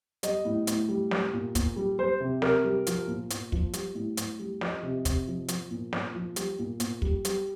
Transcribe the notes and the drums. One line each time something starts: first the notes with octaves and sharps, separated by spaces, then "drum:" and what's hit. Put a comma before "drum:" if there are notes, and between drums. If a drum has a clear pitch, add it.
G3 D#5, drum: hi-hat
A2
A2, drum: hi-hat
G3
G3, drum: snare
A#2
A#2, drum: kick, hi-hat
G3
G3 C5
C3
C3 A#4, drum: snare
G3
F3, drum: hi-hat
A#2
A#2, drum: hi-hat
F3, drum: kick
G3, drum: hi-hat
A2
A2, drum: hi-hat
G3
F3 D#5, drum: snare
C3
C3, drum: kick, hi-hat
F3
F3, drum: hi-hat
A#2
A#2, drum: snare
F3
G3, drum: hi-hat
A#2
A#2, drum: hi-hat
G3, drum: kick
G3, drum: hi-hat